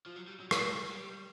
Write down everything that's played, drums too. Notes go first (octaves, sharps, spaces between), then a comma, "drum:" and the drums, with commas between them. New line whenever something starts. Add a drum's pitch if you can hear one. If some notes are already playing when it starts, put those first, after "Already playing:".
F3
F#3
G3
F#3
G3, drum: rim click
G3